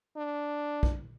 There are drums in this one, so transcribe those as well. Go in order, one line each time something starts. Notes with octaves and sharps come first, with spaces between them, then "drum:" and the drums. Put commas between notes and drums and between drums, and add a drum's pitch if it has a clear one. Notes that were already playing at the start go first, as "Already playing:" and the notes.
D4
drum: kick A#1